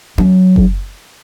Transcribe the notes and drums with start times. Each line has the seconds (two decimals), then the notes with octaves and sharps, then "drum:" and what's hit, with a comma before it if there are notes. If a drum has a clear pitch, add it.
0.18 F#3, drum: tom C#4
0.56 drum: kick F#1